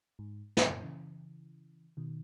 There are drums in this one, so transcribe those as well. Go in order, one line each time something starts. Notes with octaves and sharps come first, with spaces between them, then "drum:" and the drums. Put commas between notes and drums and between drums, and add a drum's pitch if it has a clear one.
G#2
G#2, drum: snare
F#2 A#2
C#3 E3
B2 D#3